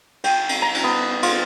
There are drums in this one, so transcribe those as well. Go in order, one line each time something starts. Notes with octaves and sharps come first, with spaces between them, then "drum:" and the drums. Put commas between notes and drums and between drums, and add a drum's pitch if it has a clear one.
G5, drum: cymbal
drum: cymbal
A#5
drum: cymbal
B3
F4, drum: cymbal